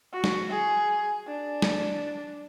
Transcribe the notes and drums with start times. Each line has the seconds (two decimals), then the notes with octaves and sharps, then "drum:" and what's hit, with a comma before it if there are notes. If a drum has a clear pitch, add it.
0.12 F#4
0.24 drum: snare
0.50 G#4
1.27 D4
1.62 drum: snare